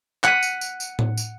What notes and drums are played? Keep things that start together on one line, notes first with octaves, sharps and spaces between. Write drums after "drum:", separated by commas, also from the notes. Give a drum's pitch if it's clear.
F#5 B6 D#7, drum: clap
drum: tambourine
drum: tambourine
drum: tambourine
drum: tom A2
drum: tambourine